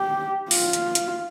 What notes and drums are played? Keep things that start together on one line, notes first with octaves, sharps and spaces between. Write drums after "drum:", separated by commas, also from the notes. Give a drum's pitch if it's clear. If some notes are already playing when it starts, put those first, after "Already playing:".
Already playing: G4
F4, drum: open hi-hat
drum: hi-hat
drum: hi-hat